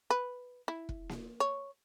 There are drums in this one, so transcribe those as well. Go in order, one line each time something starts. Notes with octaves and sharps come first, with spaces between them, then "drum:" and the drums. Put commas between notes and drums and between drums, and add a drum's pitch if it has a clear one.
B4
E4
drum: kick
drum: snare A#3
C#5